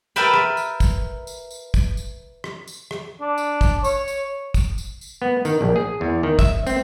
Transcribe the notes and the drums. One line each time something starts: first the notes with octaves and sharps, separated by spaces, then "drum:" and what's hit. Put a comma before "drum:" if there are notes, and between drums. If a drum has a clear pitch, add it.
A#4 B4 E5 G5 A5 B5
drum: rim click
drum: tambourine
drum: kick, tambourine
drum: tambourine
drum: tambourine
drum: kick, tambourine
drum: tambourine
drum: rim click
drum: tambourine
drum: rim click
D4
drum: tambourine
drum: kick, tambourine
C#5, drum: tambourine
drum: tambourine
drum: kick, tambourine
drum: tambourine
drum: tambourine
B3
D#3, drum: tambourine
A#1
G#4
E2
D#3
E5, drum: kick, tambourine
C4, drum: tambourine